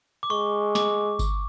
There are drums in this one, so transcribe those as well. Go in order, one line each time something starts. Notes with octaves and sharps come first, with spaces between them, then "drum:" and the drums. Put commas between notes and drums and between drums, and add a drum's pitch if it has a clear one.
D6
G#3 C#6
D6, drum: snare
drum: kick G1, tambourine